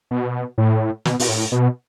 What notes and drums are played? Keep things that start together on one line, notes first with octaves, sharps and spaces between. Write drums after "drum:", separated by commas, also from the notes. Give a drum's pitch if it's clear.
B2
A2
B2, drum: snare
B2, drum: open hi-hat
A2
B2